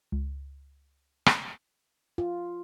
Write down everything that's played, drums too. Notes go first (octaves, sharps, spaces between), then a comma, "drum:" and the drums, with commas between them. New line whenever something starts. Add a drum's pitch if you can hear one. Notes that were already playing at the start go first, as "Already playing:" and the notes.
C#2
drum: rim click
F4